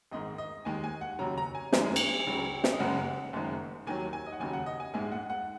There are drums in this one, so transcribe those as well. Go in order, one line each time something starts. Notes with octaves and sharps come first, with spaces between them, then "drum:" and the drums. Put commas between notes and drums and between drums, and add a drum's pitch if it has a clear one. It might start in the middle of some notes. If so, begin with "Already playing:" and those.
G#1 G#2 D#3 D#5
D#5
D#2 D#3 G#3 G#5
G#5
F#5
D#2 C#3 F#3 A#5
A#5
G#5
F#2 D#3 G#3 G#5, drum: snare
drum: cymbal
C#2 C#3 F#3
drum: snare
D#5
F#1 F#2 C#3 G#3 F#5
F#1 F#2 D#3 G#3
D#2 D#3 F#3 G#5
G#5
D#5
F#5
D#2 C#3 F#3 G#5
F#5
D#5
G#5
A#1 G#2 G#3 G#5
F#5
F#5